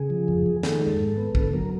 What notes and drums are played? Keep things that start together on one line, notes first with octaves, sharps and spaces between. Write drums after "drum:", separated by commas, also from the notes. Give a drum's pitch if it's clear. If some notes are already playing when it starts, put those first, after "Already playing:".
Already playing: C#3 G#4
F3
F2
F2
D#3 A4, drum: snare
G#3
G#2
B3
D3 A4, drum: kick
F#3 A#4